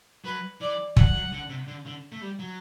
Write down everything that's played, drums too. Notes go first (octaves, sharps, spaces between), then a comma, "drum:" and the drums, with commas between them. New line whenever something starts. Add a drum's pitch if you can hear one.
F#3 B4
E3 D5
F#3 F#5, drum: kick
F#3
D3
C3
D3
D3
A3
G3
F#3